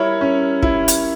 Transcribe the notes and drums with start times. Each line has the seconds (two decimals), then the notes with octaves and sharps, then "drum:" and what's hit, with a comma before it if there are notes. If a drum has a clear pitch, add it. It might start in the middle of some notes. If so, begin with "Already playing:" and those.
Already playing: G3 E4 A#4 C#5
0.21 C#4
0.63 E4, drum: kick
0.88 drum: hi-hat